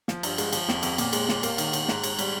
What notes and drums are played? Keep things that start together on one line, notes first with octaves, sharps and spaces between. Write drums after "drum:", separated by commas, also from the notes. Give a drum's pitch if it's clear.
F3, drum: snare
G2, drum: cymbal
G#3, drum: cymbal
F3, drum: cymbal
F2, drum: snare
F2, drum: cymbal
A#2, drum: cymbal
G#3, drum: cymbal
A#2, drum: snare
A#3, drum: cymbal
D#3, drum: cymbal
D#3, drum: cymbal
G#2, drum: snare
G#2, drum: cymbal
G3, drum: cymbal